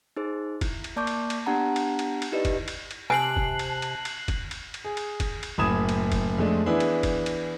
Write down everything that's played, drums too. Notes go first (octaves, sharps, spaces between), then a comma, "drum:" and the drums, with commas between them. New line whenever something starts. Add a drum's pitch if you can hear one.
D#4 G#4 C5
E4, drum: kick, cymbal
drum: cymbal
A#3 D5 A5 C#6 D6 G6
drum: cymbal
drum: cymbal
B3 D4 G4 F#5 A5 A#5
drum: cymbal
drum: cymbal
drum: cymbal
D#4 E4 G4 B4 D5 D#5
drum: kick, cymbal
drum: cymbal
drum: cymbal
C3 G#5 A5 F#6 C7 F#7
drum: kick
drum: cymbal
drum: cymbal
drum: cymbal
drum: kick, cymbal
drum: cymbal
drum: cymbal
G#4
drum: cymbal
drum: kick, cymbal
drum: cymbal
F#1 A2 B5 D#6 G#6 E7
drum: cymbal
drum: kick, cymbal
F2 G#3 A3 D4
E3 B3 D4 E4 G#4
drum: cymbal
drum: kick, cymbal
drum: cymbal